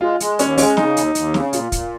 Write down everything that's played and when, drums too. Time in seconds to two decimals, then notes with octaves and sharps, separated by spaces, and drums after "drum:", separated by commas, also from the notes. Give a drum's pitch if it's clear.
0.01 G#3 F4
0.20 G#3, drum: hi-hat
0.39 D#2 C#4, drum: hi-hat
0.58 G#3 C#4, drum: open hi-hat
0.77 C#3 D#4, drum: snare
0.97 D#2, drum: hi-hat
1.15 D#2, drum: hi-hat
1.34 C#3, drum: snare
1.53 A#2 F4, drum: hi-hat
1.72 A#2, drum: kick, hi-hat